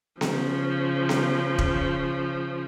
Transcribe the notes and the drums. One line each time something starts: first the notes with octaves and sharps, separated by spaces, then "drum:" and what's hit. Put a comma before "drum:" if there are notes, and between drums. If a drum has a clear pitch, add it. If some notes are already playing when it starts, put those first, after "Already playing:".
C#3 F3, drum: snare B3
drum: snare B3
drum: kick E1